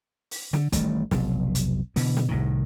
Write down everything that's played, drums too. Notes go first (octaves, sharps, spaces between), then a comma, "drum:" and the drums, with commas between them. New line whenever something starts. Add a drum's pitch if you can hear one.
drum: open hi-hat
D3, drum: snare
A1 D#3 G3 A3, drum: kick, hi-hat
F1 B1, drum: snare
drum: hi-hat
B2 D3 E3, drum: open hi-hat
drum: snare
C2 A2 D#3